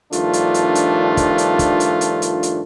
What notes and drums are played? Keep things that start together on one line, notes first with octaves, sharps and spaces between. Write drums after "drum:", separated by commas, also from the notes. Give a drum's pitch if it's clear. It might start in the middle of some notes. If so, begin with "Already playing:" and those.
G2 D#3 F3 A3 D4 F4, drum: hi-hat
drum: hi-hat
drum: hi-hat
drum: hi-hat
drum: kick, hi-hat
drum: hi-hat
drum: kick, hi-hat
drum: hi-hat
drum: hi-hat
drum: hi-hat
drum: hi-hat